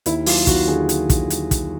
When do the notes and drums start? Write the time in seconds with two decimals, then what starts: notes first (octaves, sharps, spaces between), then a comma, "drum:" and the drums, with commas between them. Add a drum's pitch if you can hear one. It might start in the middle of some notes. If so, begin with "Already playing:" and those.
0.06 D#2 E4, drum: hi-hat
0.26 F#3 F4, drum: open hi-hat
0.47 D#2 F#4, drum: kick, hi-hat
0.68 D3 G#4
0.89 drum: hi-hat
1.10 drum: kick, hi-hat
1.30 drum: hi-hat
1.51 drum: kick, hi-hat